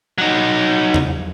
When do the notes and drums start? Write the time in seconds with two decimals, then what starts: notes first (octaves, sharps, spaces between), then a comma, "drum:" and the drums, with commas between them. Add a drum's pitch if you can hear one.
0.18 F#3 D#4
0.94 drum: tom E2